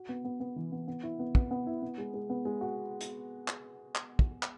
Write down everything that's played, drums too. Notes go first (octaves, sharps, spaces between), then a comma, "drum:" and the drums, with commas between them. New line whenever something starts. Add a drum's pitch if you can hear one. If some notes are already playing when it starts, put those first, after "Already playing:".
Already playing: F#4
B3
B3
B3
E3
B3
B3
E4
B3
B3, drum: kick
B3
E4
B3
G#3
G#3
B3
G#3
F#4
drum: hi-hat
drum: clap
drum: clap
drum: kick
drum: clap